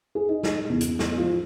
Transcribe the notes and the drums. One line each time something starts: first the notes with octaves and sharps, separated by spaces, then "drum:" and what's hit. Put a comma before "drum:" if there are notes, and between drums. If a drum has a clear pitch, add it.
G#4
D#4
drum: snare
E2
drum: hi-hat
drum: snare
F3